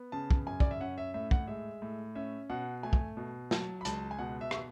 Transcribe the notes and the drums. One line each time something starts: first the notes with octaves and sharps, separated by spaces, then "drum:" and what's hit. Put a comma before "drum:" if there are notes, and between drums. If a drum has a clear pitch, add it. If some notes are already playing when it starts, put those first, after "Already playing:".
Already playing: B3
C#3 A5
drum: kick
F#2 G#5
D5, drum: kick
E5
C#4 F#5
E5
A2 E5
F#5, drum: kick
G#3 E5
A2
C#4 E5
B2 F#5
A3 G#5
drum: kick
B2
F#3 A5, drum: snare
B5
C#2 A5, drum: hi-hat
G#5
B2 F#5
E5
drum: rim click